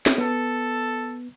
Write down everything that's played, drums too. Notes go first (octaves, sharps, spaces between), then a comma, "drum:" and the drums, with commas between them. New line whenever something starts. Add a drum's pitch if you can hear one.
drum: snare
B3 A4